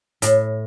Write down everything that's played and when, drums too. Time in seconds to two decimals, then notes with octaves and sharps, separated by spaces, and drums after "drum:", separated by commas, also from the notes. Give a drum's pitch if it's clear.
0.22 A2, drum: hi-hat